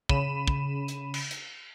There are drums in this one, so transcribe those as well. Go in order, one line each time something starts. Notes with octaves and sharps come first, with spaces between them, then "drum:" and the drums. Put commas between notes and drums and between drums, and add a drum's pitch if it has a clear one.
C#3 B5 D#7 E7, drum: kick
drum: kick
drum: hi-hat
drum: cymbal
drum: hi-hat